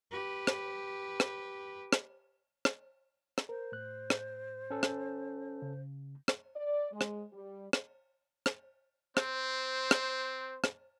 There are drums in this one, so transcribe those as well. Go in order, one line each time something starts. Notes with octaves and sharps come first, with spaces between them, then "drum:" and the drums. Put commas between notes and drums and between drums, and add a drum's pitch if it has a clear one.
G4 B4
drum: rim click
drum: rim click
drum: rim click
drum: rim click
drum: rim click
A#4 C5
A2 F#6
drum: rim click
C#4 A4
drum: rim click
C#3
drum: rim click
D5
G#3
drum: rim click
G3
drum: rim click
drum: rim click
C4 C5, drum: rim click
drum: rim click
drum: rim click